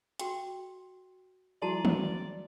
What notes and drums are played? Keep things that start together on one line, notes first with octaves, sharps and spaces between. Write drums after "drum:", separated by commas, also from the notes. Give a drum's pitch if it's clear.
F#4 G5, drum: hi-hat
F3 G3 E4 F#4 D5 A5 A#5
drum: tom